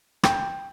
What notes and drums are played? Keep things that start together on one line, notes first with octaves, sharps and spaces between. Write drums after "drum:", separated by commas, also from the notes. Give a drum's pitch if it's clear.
G5, drum: rim click